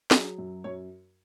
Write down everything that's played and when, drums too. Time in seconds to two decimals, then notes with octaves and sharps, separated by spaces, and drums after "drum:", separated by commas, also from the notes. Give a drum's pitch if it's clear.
0.11 F#3 G#4, drum: snare
0.38 F#2
0.64 F#2 C#5